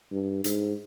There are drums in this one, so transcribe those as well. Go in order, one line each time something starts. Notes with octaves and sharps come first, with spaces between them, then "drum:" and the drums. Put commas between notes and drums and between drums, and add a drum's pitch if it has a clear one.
G2
G#2, drum: hi-hat